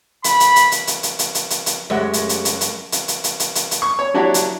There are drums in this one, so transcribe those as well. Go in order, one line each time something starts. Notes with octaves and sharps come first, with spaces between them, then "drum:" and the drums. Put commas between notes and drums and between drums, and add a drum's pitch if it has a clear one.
B5, drum: hi-hat
drum: hi-hat
drum: hi-hat
drum: hi-hat
drum: hi-hat
drum: hi-hat
drum: hi-hat
drum: hi-hat
drum: hi-hat
drum: hi-hat
F#2 G#3 A3 G4 E5 F#5 A#6
drum: hi-hat
drum: hi-hat
drum: hi-hat
drum: hi-hat
drum: hi-hat
drum: hi-hat
drum: hi-hat
drum: hi-hat
drum: hi-hat
drum: hi-hat
C#6
C#5
F#3 D4 E4 F#4 G4 C#5
drum: hi-hat